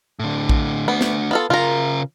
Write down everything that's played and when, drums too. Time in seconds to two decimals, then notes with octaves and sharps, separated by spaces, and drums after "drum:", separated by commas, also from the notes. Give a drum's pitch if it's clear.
0.19 A2 D3
0.49 drum: kick A#1
0.88 A3 B3 D4
1.01 drum: snare
1.31 B3 F4 A4
1.50 C#3 F4 A#4 A#5